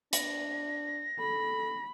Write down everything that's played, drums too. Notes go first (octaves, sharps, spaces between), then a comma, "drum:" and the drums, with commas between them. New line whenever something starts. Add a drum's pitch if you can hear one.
D4 A#6, drum: hi-hat
A4 B5